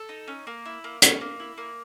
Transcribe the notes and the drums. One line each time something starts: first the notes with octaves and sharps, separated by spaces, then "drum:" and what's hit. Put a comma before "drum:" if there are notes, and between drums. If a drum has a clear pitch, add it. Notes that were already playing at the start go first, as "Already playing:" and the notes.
Already playing: A4
D#4
C#4
A#3
E4
A#3
C#4, drum: hi-hat
A#3
E4
A#3